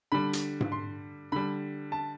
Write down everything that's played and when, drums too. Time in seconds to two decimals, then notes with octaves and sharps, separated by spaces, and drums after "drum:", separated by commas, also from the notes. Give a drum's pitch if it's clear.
0.12 D3 G3 B5
0.33 drum: hi-hat
0.61 drum: tom G#2
0.72 C6
1.32 D3 G3 B5
1.92 A5